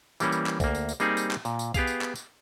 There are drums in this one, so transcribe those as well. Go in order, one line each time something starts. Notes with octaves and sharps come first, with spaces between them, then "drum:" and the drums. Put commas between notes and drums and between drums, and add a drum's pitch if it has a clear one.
E3 G3 A#3 C#4, drum: tambourine
drum: tambourine
drum: clap
D2 A#3, drum: kick B1, tambourine
drum: tambourine
drum: tambourine
G3 A#3 C4 D#4 G#4, drum: tambourine
drum: tambourine
drum: clap
A#2, drum: tambourine
drum: tambourine
B3 G4 G#4 F5, drum: kick B1, tambourine
drum: tambourine
drum: clap
drum: tambourine